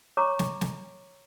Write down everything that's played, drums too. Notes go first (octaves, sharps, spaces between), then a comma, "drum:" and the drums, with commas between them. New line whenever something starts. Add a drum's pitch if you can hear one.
C#5 A#5 C#6 D6
drum: snare
drum: snare